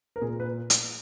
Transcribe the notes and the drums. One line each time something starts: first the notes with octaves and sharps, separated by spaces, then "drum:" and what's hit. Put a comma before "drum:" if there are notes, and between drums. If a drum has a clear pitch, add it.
A#4
A#2 G#4
B4
drum: hi-hat